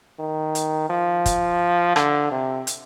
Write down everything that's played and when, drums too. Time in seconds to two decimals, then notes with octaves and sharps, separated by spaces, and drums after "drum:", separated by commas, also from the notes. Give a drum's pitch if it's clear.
0.19 D#3
0.55 drum: hi-hat
0.90 F3
1.26 drum: kick, hi-hat
1.96 D3, drum: rim click
2.32 C3
2.67 drum: hi-hat